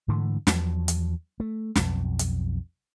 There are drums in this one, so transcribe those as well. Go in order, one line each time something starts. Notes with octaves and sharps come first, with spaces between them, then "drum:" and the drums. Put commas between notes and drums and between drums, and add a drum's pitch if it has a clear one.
G#2 D3 E3 A3
E2 F3 F#3, drum: snare
drum: hi-hat
A3
B1 F2, drum: snare
drum: hi-hat